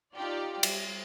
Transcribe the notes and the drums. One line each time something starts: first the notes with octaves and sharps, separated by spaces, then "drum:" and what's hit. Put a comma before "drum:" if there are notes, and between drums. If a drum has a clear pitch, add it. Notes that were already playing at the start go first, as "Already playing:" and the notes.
D#4 F4 G4 D5
G3, drum: cymbal